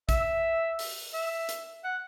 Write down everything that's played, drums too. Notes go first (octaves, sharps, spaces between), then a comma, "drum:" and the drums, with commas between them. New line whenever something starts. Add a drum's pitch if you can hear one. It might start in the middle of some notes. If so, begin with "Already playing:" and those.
E5, drum: kick A#1, hi-hat
drum: open hi-hat
E5
drum: hi-hat
F#5